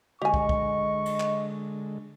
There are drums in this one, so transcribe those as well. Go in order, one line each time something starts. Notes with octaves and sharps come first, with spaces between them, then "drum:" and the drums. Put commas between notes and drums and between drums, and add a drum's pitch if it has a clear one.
D3 G#3 G4 D#5 G#5 C#6
drum: kick
drum: kick
drum: cymbal
drum: clap